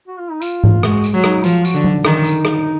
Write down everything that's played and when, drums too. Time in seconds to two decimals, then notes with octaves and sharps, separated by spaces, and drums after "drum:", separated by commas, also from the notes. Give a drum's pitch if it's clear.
0.08 F#4
0.20 F4
0.31 D#4
0.42 F4, drum: tambourine
0.64 drum: tom G#2
0.83 G#3 F#4, drum: rim click
1.04 drum: tambourine
1.14 F#3
1.24 D#4, drum: rim click
1.44 F3 F4, drum: tambourine
1.65 F#4, drum: tambourine
1.74 D3
1.84 drum: tom F#3
2.05 D#3 D#4, drum: rim click
2.25 drum: tambourine
2.45 drum: rim click